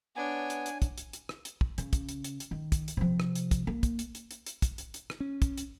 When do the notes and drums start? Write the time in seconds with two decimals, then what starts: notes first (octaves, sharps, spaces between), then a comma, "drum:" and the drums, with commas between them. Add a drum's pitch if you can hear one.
0.16 B3 D4 C#5 G#5
0.50 drum: hi-hat
0.66 drum: hi-hat
0.82 drum: kick, hi-hat
0.98 drum: hi-hat
1.13 drum: hi-hat
1.29 drum: rim click
1.45 drum: hi-hat
1.61 drum: kick
1.78 C#3, drum: hi-hat
1.93 drum: kick, hi-hat
2.09 drum: hi-hat
2.24 drum: hi-hat
2.40 drum: hi-hat
2.51 D#3
2.72 drum: kick, hi-hat
2.88 drum: hi-hat
2.97 C3 F3
3.20 drum: rim click
3.35 drum: hi-hat
3.51 drum: kick, hi-hat
3.67 A#3
3.83 drum: kick, hi-hat
3.99 drum: hi-hat
4.15 drum: hi-hat
4.31 drum: hi-hat
4.46 drum: hi-hat
4.62 drum: kick, hi-hat
4.78 drum: hi-hat
4.94 drum: hi-hat
5.10 drum: rim click
5.20 C#4
5.42 drum: kick, hi-hat
5.58 drum: hi-hat